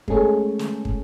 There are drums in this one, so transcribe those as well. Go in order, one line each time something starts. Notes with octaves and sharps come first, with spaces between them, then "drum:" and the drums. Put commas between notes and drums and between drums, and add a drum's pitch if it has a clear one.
G#3 A3 C#4 G#4 A4 C#5, drum: kick
drum: snare
drum: kick